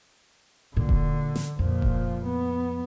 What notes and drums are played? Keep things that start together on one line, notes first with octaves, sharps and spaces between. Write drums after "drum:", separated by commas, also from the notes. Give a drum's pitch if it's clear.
A#2 D3
drum: kick E1
drum: snare
F2 A#2 F3
drum: kick E1
B3